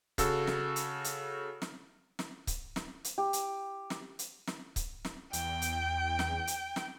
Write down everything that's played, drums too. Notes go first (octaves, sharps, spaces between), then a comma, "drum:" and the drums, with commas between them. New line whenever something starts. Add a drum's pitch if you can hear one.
C#3 F#4 A4 E6, drum: kick C#1, hi-hat
drum: snare
drum: hi-hat
drum: hi-hat
drum: snare
drum: snare
drum: kick C#1, hi-hat
drum: snare
drum: hi-hat
G4
drum: hi-hat
drum: snare
drum: hi-hat
drum: snare
drum: kick C#1, hi-hat
drum: snare
E2 G5, drum: hi-hat
drum: hi-hat
drum: snare
drum: hi-hat
drum: snare